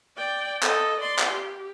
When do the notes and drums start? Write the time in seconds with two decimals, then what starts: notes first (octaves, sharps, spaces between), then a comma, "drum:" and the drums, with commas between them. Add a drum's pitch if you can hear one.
0.17 D5 G5
0.63 A4 D#5, drum: clap
1.01 D5 C6
1.19 drum: clap
1.32 G4